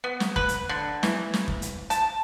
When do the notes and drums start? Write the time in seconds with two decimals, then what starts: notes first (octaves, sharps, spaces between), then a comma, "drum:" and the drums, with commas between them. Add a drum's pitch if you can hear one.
0.04 B3
0.20 drum: snare
0.36 B4, drum: kick
0.49 drum: hi-hat
0.69 D3
1.03 E3, drum: snare
1.34 drum: snare
1.48 drum: kick
1.62 drum: hi-hat
1.90 A5, drum: hi-hat